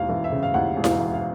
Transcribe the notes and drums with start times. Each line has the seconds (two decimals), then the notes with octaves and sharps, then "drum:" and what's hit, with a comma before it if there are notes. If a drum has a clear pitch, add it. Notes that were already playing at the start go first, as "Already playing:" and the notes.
Already playing: E1 D#2 F5
0.09 E3
0.24 E5
0.32 C#3
0.43 F5
0.54 D#2 F#5
0.77 E1
0.84 F5, drum: snare E4
0.99 E3
1.13 F5